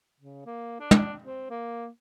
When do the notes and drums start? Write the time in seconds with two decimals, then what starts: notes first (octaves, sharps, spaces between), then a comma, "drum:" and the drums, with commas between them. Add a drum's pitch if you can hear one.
0.21 C#3
0.46 A#3
0.80 D4
0.91 drum: tom
1.24 C4
1.50 A#3